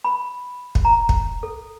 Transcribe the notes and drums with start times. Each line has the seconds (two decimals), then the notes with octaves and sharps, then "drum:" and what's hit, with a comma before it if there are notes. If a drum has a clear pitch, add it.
0.04 B5
0.75 drum: kick
0.85 A#5
1.09 drum: kick
1.43 A4